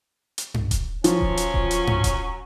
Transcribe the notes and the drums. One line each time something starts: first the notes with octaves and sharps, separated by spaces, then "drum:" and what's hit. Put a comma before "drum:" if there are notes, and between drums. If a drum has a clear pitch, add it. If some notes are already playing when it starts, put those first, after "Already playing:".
drum: hi-hat
drum: tom G2
drum: kick D#1, hi-hat
F3 F#3 C#4, drum: hi-hat
drum: kick D#1
drum: hi-hat
drum: kick D#1
drum: hi-hat
drum: tom G2
drum: kick D#1, hi-hat